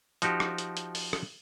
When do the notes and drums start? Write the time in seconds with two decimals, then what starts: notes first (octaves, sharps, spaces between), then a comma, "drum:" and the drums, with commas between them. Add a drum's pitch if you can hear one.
0.22 F3 D#4 F#4 G4, drum: hi-hat
0.40 drum: rim click
0.58 drum: hi-hat
0.77 drum: hi-hat
0.95 drum: open hi-hat
1.13 drum: rim click